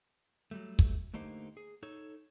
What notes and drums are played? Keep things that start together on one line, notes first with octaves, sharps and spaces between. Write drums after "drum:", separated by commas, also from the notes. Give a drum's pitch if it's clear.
F#3 G3 A3
drum: kick
D3 A3 A#3 D#4 G4 C5
G#4
D#4 A4 C#5